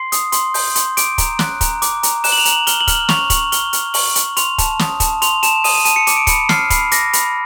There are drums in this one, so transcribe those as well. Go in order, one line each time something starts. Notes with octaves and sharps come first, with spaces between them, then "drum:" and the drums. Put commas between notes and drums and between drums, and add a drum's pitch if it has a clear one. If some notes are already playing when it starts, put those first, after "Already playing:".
Already playing: C6 C7
D#6, drum: hi-hat
C6, drum: hi-hat
G6, drum: open hi-hat
C6, drum: hi-hat
D6 D7, drum: hi-hat
A#5, drum: kick, hi-hat
F#6, drum: snare
A#5, drum: kick, hi-hat
D6, drum: hi-hat
A#5, drum: hi-hat
F#6 E7, drum: open hi-hat
F#7
F7
A#5, drum: hi-hat
F#7
F6 G7, drum: hi-hat
F#7
F6, drum: kick, hi-hat
F#7
C#6 F7, drum: snare
C#6 F#7, drum: kick, hi-hat
F6 G7, drum: hi-hat
F6, drum: hi-hat
C#6 F#7, drum: open hi-hat
C#6, drum: hi-hat
C6 F7, drum: hi-hat
A5, drum: kick, hi-hat
D#6, drum: snare
A5, drum: kick, hi-hat
C6 F7, drum: hi-hat
A5 E7, drum: hi-hat
D#6 D#7, drum: open hi-hat
D#7
A5 D#7, drum: hi-hat
C#7
D6 C#7, drum: hi-hat
D7
B5 C#7, drum: kick, hi-hat
F6 C7, drum: snare
B5 C7, drum: kick, hi-hat
D6 A#6, drum: hi-hat
B5, drum: hi-hat